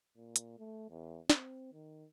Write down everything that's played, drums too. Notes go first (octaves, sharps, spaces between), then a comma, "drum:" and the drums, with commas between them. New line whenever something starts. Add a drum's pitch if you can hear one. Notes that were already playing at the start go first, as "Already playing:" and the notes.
A#2
drum: hi-hat
A3
E2
C4, drum: snare
D#3